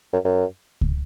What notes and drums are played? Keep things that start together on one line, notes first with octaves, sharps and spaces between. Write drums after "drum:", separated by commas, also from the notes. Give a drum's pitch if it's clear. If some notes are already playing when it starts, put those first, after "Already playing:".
F#2
F#2
drum: kick C#2